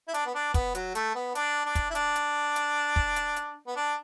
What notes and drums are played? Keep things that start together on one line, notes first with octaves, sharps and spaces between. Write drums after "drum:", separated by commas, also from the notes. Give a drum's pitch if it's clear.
E4
D4, drum: hi-hat
B3
D4
B3, drum: kick, hi-hat
F#3, drum: hi-hat
A3, drum: hi-hat
B3
D4, drum: hi-hat
D4
drum: kick, hi-hat
E4
D4, drum: hi-hat
drum: hi-hat
drum: hi-hat
drum: kick
drum: hi-hat
drum: hi-hat
B3
D4